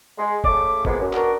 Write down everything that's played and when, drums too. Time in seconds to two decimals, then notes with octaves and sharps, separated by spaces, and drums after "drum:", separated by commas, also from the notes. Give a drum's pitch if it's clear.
0.17 G#3
0.44 C#3 A3 D6, drum: kick F#1
0.85 F3 G#3 A#3 B3, drum: kick F#1
1.00 F#2
1.13 B3 D4 F#4 A#4, drum: clap